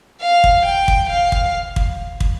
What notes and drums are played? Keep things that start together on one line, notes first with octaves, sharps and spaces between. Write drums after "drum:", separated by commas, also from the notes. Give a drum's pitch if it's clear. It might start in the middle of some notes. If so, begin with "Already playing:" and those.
F5
drum: kick
G5
drum: kick
F5
drum: kick
drum: kick
drum: kick